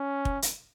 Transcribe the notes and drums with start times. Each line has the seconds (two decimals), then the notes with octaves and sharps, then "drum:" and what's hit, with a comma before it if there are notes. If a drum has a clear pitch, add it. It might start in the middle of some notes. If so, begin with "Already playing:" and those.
Already playing: C#4
0.25 drum: kick
0.42 drum: hi-hat